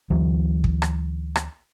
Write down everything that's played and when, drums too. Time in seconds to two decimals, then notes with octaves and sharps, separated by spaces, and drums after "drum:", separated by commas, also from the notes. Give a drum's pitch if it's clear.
0.10 D2 E3 F#3
0.64 drum: kick
0.82 drum: rim click
1.36 drum: rim click